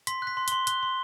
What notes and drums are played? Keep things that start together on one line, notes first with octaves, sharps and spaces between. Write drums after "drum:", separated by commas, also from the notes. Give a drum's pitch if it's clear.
C6 B6, drum: hi-hat
F#6 B6
C6
C6 G7, drum: hi-hat
F#6 G7, drum: hi-hat
C6